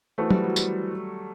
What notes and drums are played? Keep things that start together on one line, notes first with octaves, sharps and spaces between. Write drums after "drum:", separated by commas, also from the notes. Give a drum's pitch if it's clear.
E3 A3 B3 F#4 A4 C5
G3, drum: tom
F#3
G3, drum: tambourine